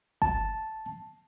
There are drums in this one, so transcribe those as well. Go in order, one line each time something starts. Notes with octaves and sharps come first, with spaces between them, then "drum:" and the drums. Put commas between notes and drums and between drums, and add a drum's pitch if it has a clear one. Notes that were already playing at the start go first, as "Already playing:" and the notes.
A5, drum: kick